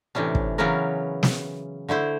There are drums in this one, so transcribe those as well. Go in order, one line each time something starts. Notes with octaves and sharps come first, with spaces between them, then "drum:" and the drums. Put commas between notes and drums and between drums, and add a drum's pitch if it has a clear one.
A2 C3 E3 C#4 D4
drum: kick
C#3 E3 F#3 B3 C#4 A#4
drum: snare
D3 A3 E4 C5